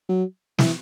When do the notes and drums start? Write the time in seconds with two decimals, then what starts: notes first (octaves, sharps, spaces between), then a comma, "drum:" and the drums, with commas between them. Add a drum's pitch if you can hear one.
0.09 F#3
0.59 E3, drum: snare